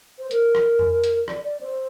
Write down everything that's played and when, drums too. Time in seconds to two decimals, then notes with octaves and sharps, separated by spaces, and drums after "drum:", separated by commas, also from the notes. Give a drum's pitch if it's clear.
0.19 C5
0.31 A#4, drum: hi-hat
0.55 drum: rim click
0.79 drum: tom F2
1.04 drum: hi-hat
1.28 D5, drum: rim click
1.44 D5
1.61 C5